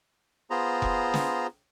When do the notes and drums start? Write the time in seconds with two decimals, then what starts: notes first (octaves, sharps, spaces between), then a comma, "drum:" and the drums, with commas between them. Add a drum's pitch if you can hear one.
0.50 B3 F4 G#4 C5 A#5
0.82 drum: kick F1
1.14 drum: snare